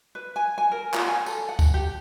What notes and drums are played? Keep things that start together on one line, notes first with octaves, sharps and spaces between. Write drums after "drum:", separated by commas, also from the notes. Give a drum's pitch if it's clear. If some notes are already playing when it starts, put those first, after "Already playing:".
B4
G#5
G#5
A#4
F4, drum: clap
G#5
A4, drum: tambourine
F#5
drum: kick D2, tambourine
G4